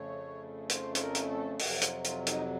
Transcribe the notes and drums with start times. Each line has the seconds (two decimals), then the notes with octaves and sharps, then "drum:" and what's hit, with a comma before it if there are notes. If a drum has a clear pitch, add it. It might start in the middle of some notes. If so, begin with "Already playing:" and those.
Already playing: F2 C#3 A3 C#5
0.70 C5, drum: hi-hat
0.95 C5, drum: hi-hat
1.00 A#4
1.15 drum: hi-hat
1.30 A4
1.59 F2 C3 F#3 F#4, drum: open hi-hat
1.81 F4, drum: hi-hat
2.04 F4, drum: hi-hat
2.27 D#4, drum: hi-hat